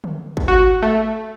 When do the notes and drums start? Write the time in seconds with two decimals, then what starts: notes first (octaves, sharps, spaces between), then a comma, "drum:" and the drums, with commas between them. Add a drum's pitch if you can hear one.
0.04 drum: tom D3
0.37 drum: kick
0.48 F#4
0.82 A3